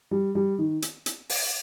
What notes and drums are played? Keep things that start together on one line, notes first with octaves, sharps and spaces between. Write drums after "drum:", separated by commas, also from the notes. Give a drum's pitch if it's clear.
G3
G3
D#3
drum: hi-hat
drum: hi-hat
drum: open hi-hat